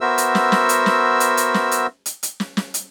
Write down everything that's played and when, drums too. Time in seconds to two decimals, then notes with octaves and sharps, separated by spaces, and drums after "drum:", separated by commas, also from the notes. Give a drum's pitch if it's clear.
0.01 B3 F#4 A#4 C5 E5 E6
0.18 drum: hi-hat
0.35 drum: snare
0.52 drum: snare
0.69 drum: hi-hat
0.86 drum: snare
1.20 drum: hi-hat
1.37 drum: hi-hat
1.54 drum: snare
1.71 drum: hi-hat
2.06 drum: hi-hat
2.23 drum: hi-hat
2.40 drum: snare
2.57 drum: snare
2.74 drum: hi-hat